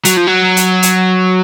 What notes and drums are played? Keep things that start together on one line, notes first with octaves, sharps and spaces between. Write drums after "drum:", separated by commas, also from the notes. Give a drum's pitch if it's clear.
F#3, drum: hi-hat
F3
F#3
drum: hi-hat
drum: hi-hat